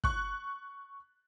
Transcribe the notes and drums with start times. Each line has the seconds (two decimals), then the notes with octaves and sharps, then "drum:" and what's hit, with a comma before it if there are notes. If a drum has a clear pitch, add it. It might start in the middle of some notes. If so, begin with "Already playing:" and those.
0.04 C#6 F#6, drum: kick